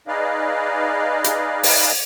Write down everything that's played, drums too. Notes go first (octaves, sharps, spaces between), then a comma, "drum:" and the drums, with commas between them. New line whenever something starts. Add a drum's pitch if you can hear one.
D#4 G#4 B4 D5 D#5 F5
drum: hi-hat
drum: open hi-hat